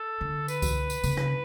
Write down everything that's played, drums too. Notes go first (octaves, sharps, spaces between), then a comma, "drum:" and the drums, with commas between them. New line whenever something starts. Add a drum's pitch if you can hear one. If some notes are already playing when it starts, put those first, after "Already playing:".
Already playing: A4
D3
B4, drum: tambourine
drum: kick C#2, tambourine
drum: tambourine
C#3, drum: tambourine
drum: rim click